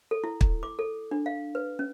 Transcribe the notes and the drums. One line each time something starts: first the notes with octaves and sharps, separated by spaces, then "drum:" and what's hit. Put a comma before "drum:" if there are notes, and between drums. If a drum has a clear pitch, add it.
A4
E4
drum: kick
D6
A4
D4
F5
B4
C#4